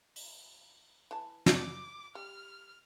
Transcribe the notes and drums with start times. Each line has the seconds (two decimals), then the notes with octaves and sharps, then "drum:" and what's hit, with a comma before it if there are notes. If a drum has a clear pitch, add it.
0.16 drum: open hi-hat
1.11 E3 A5
1.46 D6, drum: snare
2.15 G3 F6